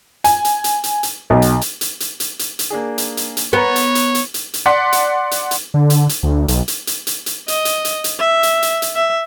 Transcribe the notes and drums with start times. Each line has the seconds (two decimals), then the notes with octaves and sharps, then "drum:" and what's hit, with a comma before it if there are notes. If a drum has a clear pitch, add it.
0.24 G#5, drum: hi-hat
0.45 drum: hi-hat
0.64 drum: hi-hat
0.84 drum: hi-hat
1.03 drum: hi-hat
1.30 B1
1.42 drum: hi-hat
1.61 drum: hi-hat
1.81 drum: hi-hat
2.00 drum: hi-hat
2.20 drum: hi-hat
2.39 drum: hi-hat
2.59 drum: hi-hat
2.70 A#3 D4 G#4
2.98 drum: hi-hat
3.17 drum: hi-hat
3.37 drum: hi-hat
3.53 B3 B4 C#5 F#5 A#5
3.76 drum: hi-hat
3.95 drum: hi-hat
4.15 drum: hi-hat
4.34 drum: hi-hat
4.54 drum: hi-hat
4.66 D5 F#5 C6 B6
4.92 drum: hi-hat
5.31 drum: hi-hat
5.51 drum: hi-hat
5.74 D3
5.90 drum: hi-hat
6.09 drum: hi-hat
6.23 D2
6.48 B1, drum: hi-hat
6.68 drum: hi-hat
6.87 drum: hi-hat
7.07 drum: hi-hat
7.26 drum: hi-hat
7.48 D#5, drum: hi-hat
7.65 drum: hi-hat
7.85 drum: hi-hat
8.04 drum: hi-hat
8.19 E5
8.43 drum: hi-hat
8.62 drum: hi-hat
8.82 drum: hi-hat
8.96 E5